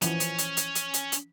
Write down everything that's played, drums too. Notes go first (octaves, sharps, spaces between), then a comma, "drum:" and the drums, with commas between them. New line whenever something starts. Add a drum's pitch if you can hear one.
E3 F3 C#4, drum: hi-hat
drum: hi-hat
drum: hi-hat
drum: hi-hat
drum: hi-hat
drum: hi-hat
drum: hi-hat